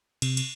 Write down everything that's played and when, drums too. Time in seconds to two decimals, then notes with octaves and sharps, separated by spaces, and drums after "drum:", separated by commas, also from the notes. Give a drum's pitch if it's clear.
0.22 C3, drum: cymbal
0.37 drum: cymbal